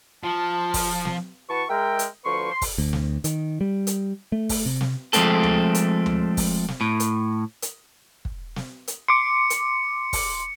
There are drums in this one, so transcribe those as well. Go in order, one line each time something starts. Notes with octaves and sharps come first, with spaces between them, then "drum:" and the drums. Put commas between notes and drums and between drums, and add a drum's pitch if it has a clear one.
F3 A5
drum: kick, open hi-hat
drum: snare
E3 F#4 B4 A5 C#6
G#3 A#4 E5 G5
drum: hi-hat
D2 F3 B4 C6 C#6
C6
drum: kick, open hi-hat
D2
drum: snare
D#3, drum: hi-hat
G3
drum: hi-hat
A3
drum: kick, open hi-hat
C3
drum: snare
F3 G#3 A3 C4 A4, drum: hi-hat
drum: tom D2
drum: hi-hat
drum: tom D2
drum: kick, open hi-hat
drum: snare
A2
drum: hi-hat
drum: hi-hat
drum: kick
drum: snare
drum: hi-hat
C6 D6 C#7
drum: hi-hat
drum: kick, open hi-hat